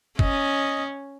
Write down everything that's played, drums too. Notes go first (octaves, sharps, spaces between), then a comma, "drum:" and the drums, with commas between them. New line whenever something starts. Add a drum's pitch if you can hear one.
C#4 D#5, drum: kick